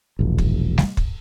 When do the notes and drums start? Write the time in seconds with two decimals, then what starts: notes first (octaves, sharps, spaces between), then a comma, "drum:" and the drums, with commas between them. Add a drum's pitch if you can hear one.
0.19 E1 A#1
0.38 drum: kick
0.78 drum: snare G3
0.97 drum: kick